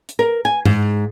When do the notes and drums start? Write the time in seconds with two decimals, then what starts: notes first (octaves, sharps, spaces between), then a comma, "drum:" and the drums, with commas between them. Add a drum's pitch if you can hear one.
0.09 drum: hi-hat
0.19 A#4
0.45 G#5
0.65 G#2, drum: tom G2